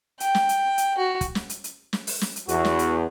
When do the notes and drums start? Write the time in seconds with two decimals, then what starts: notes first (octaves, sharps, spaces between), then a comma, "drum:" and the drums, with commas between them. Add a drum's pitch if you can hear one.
0.20 G5, drum: hi-hat
0.35 drum: snare
0.49 drum: hi-hat
0.78 drum: hi-hat
0.98 F#4
1.21 drum: kick, hi-hat
1.35 drum: snare
1.50 drum: hi-hat
1.64 drum: hi-hat
1.93 drum: snare
2.07 drum: open hi-hat
2.21 drum: snare
2.36 drum: hi-hat
2.49 E2 F#4, drum: hi-hat
2.65 drum: snare
2.79 drum: hi-hat